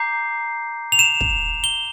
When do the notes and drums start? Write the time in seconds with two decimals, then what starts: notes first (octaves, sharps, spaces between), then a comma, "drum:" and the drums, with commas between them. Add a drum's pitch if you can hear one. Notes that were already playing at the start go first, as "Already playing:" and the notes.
Already playing: A#5 D6 G6 C7
0.92 F7
0.99 E7
1.21 drum: kick
1.64 G7